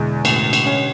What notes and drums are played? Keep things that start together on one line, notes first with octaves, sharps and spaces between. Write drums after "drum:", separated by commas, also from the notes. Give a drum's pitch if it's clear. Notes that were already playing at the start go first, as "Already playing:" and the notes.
Already playing: E2 B2 D3 G#3
A2, drum: cymbal
drum: cymbal
C#4